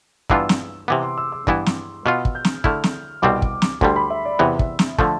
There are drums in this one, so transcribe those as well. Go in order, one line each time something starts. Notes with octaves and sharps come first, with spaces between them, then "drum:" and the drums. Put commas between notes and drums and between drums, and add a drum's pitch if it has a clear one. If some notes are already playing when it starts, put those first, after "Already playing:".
G2 E3 B3 D4 F4 E6, drum: kick
drum: snare
C3 E3 B3 D6
C6
E6
E6
G2 E3 B3 E4, drum: kick
drum: snare
B2 B3 F4 F6
drum: kick
G6
drum: snare
D3 A3 E4 F6, drum: kick
drum: snare
C2 B2 G3 C4 D6
drum: kick
drum: snare
D2 D3 G3 C6, drum: kick
B5
E5
D5
E2 C3 E3 B3 E5
drum: kick
drum: snare
D3 F3 A3 A5, drum: kick